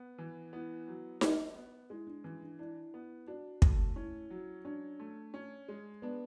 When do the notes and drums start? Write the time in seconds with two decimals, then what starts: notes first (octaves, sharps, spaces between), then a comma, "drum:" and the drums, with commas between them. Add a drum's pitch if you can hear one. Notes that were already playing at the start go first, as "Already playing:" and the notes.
Already playing: B3
0.18 E3
0.53 B3 E4
0.88 F#3
1.21 D4, drum: snare D#4
1.56 B3
1.90 G#3 E4
2.07 D4
2.24 E3 C#4
2.42 D4
2.59 D4 E4
2.94 B3
3.28 D4 F#4
3.62 A3, drum: kick
3.96 C#4 E4
4.30 F#3
4.65 C#4 D4
5.00 A3
5.34 C#4
5.68 G#3
6.02 B3 D4